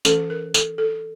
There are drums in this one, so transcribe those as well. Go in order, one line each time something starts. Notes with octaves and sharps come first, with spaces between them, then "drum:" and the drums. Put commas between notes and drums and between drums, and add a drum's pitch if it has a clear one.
E3 A3 C#4 A4, drum: tambourine
A#4
A4, drum: tambourine
A4